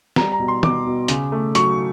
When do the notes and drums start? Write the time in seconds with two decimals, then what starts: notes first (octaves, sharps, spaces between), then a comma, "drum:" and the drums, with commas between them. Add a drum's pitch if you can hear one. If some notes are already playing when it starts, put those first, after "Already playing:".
0.16 G3 A#5, drum: snare
0.32 A#5
0.40 B2
0.48 C6
0.63 B2 D6, drum: tom
0.87 B2
1.08 C#3, drum: hi-hat
1.32 A3
1.55 F#3 C#6, drum: hi-hat